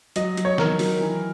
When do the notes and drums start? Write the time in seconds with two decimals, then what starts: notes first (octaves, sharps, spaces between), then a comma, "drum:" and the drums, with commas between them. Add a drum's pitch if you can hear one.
0.16 F#3 D#5, drum: hi-hat
0.37 F#3, drum: hi-hat
0.45 C#5
0.58 D#3 A#4, drum: snare E3
0.79 F#3, drum: open hi-hat
1.01 E3